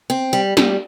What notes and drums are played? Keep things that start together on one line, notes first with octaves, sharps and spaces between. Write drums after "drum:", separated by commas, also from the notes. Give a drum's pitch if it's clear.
C4
G3
G3, drum: snare